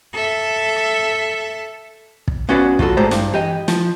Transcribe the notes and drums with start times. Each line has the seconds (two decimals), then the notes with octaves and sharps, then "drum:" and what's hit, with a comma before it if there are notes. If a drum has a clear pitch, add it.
0.13 A4 E5
2.28 drum: kick
2.49 B3 C#4 F#4 B4 D5 F5
2.79 F#3 F4 F#4 A4, drum: kick
2.97 A2 G#3 C5 D5 A#5
3.11 G2, drum: snare
3.33 E3 G4 D#5
3.68 F3, drum: snare